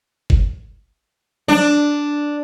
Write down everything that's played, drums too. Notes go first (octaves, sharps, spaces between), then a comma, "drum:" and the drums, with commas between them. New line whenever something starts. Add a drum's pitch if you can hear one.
drum: kick G1
D4, drum: tom